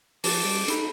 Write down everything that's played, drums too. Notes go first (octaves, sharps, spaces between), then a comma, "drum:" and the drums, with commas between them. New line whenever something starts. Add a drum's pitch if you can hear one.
F3 A5 D6 A6, drum: open hi-hat
G3 D7
D#4 A4 B5, drum: hi-hat